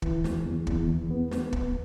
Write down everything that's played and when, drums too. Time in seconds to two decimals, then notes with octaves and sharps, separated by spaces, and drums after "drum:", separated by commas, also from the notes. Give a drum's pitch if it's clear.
0.02 E3, drum: kick
0.24 E2, drum: snare
0.46 E2
0.67 E2, drum: kick
0.89 E2
1.11 B3
1.31 B3, drum: snare
1.53 B3, drum: kick